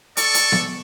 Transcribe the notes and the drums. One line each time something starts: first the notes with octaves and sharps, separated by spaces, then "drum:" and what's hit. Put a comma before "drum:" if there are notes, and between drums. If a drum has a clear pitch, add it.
A4 D5 C#6, drum: hi-hat
drum: hi-hat
drum: snare B3